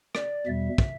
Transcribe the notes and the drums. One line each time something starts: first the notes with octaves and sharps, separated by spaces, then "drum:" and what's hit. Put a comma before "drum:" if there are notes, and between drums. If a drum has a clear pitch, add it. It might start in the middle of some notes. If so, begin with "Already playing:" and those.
D5, drum: rim click
E2 B2 G3 E5
drum: kick